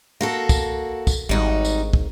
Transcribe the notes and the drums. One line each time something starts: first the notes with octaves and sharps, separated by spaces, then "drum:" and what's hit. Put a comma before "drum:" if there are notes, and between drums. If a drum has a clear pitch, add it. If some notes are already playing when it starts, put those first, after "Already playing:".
A#3 F#4 A4
drum: kick, tambourine
drum: kick, tambourine
G#1 G3 D#4 F#4
drum: tambourine
drum: kick